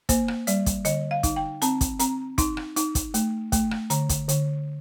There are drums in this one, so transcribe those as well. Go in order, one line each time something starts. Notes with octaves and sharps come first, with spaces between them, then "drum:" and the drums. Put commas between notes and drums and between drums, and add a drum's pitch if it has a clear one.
A#3 C5, drum: kick, hi-hat
drum: rim click
G3 D5, drum: hi-hat
drum: kick, hi-hat
D3 D#5, drum: hi-hat
F5
D#4, drum: kick, hi-hat
G5
C4 A5, drum: hi-hat
drum: kick, hi-hat
C4 A#5, drum: hi-hat
D#4 C6, drum: kick, hi-hat
drum: rim click
D#4, drum: hi-hat
drum: kick, hi-hat
A3, drum: hi-hat
A3, drum: kick, hi-hat
drum: rim click
D3 A#5, drum: hi-hat
drum: kick, hi-hat
D3, drum: hi-hat